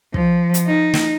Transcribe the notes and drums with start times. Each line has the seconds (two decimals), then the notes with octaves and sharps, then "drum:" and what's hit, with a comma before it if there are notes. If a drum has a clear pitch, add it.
0.14 F3, drum: kick
0.54 drum: hi-hat
0.67 D#4
0.94 drum: snare